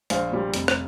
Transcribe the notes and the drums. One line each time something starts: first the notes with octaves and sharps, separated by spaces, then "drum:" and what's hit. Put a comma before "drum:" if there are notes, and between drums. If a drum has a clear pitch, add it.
A#1 C5 F5, drum: hi-hat
A#2 G3
F1, drum: hi-hat
drum: rim click